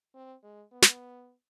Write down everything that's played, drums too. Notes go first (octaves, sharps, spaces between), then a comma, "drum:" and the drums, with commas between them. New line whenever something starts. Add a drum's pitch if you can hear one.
C4
G#3
B3
drum: snare